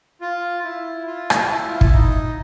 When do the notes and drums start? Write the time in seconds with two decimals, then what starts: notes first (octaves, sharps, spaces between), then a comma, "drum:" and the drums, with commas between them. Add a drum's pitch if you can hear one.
0.21 F4
0.64 E4
1.07 F4
1.30 drum: rim click
1.50 E4
1.68 F4
1.81 E4, drum: kick
1.93 D#4